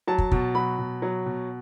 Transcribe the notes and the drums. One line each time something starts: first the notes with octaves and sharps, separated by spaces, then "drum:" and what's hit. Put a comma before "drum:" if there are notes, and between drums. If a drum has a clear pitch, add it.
F#3 A5
drum: kick
B2, drum: kick
F#3 B5
B2
F#3
B2